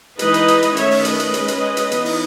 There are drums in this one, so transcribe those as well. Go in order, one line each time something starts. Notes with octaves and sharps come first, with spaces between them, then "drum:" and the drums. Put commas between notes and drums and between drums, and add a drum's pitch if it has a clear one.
E3 G#3 D#4 B4 D#5, drum: hi-hat
drum: hi-hat
drum: hi-hat
drum: hi-hat
D#3 A3 C#4 C#5 E5, drum: hi-hat
drum: open hi-hat
B4 D#5, drum: hi-hat
drum: hi-hat
G#3 C#4, drum: hi-hat
drum: hi-hat
drum: hi-hat
E3 B3 D#4, drum: hi-hat
drum: open hi-hat